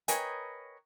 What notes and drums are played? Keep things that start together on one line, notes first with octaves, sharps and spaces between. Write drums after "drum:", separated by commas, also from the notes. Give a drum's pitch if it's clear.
A#4 B4 C#5 D#5 G5 G#5, drum: hi-hat